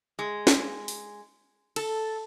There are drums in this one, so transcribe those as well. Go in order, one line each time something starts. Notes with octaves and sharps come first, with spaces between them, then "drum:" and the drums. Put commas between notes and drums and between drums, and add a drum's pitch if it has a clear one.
G#3
drum: snare
drum: open hi-hat
A4, drum: cymbal